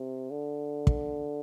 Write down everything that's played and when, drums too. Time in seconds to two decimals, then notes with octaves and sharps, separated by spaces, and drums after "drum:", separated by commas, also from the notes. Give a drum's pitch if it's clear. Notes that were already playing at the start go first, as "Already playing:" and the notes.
Already playing: C3
0.31 D3
0.87 drum: kick